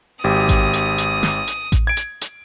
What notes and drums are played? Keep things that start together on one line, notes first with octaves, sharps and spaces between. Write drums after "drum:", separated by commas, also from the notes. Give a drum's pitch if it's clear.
G#1 G4 D#6
drum: kick A1, hi-hat
drum: hi-hat
drum: hi-hat
drum: snare
drum: hi-hat
drum: kick A1, hi-hat
G#6 D7
drum: hi-hat
drum: hi-hat